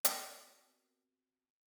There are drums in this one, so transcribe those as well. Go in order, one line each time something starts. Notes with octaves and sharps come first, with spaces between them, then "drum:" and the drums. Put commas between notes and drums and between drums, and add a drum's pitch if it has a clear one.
B3 C4 F#4 G4 A#4 E5, drum: hi-hat